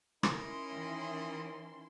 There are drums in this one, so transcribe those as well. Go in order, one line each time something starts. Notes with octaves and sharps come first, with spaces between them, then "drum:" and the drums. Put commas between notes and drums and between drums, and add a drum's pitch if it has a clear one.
C#4 D#4 E4 A#4 C6, drum: rim click
D#3 E3